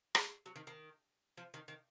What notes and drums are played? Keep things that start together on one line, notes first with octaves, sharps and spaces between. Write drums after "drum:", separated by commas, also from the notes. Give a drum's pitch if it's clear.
G#3, drum: rim click
F#3
D#3
D#3
F3
D#3
D#3